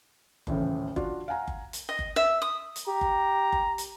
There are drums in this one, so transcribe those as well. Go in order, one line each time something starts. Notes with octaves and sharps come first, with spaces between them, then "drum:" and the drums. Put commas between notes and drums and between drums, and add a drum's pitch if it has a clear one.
D#1 A1 A2 C#3, drum: kick F#1
D4 F4 F#4 D5, drum: kick F#1
F5 F#5 G#5 A#5
drum: kick F#1
drum: hi-hat
D#5
drum: kick F#1
E5
D#6
drum: hi-hat
G4 A#5
drum: kick F#1
drum: kick F#1
drum: hi-hat